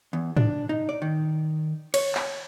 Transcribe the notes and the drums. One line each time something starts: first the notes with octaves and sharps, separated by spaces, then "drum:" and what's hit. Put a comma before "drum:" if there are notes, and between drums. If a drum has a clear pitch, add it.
E2
D4, drum: tom G#2
D#4
D5
D#3
C#5, drum: cymbal
drum: clap